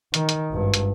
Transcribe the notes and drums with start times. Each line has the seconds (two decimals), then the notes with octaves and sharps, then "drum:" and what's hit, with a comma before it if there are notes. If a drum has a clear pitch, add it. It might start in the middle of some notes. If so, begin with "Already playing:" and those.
0.14 D#3, drum: hi-hat
0.29 drum: hi-hat
0.51 G#1 G2
0.74 drum: hi-hat